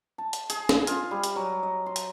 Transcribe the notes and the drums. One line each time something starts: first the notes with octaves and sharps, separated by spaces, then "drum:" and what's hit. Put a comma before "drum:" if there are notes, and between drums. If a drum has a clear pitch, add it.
A5
drum: hi-hat
G#4, drum: hi-hat
drum: snare
F4, drum: hi-hat
G3
drum: hi-hat
F#3
D#5
C6
drum: hi-hat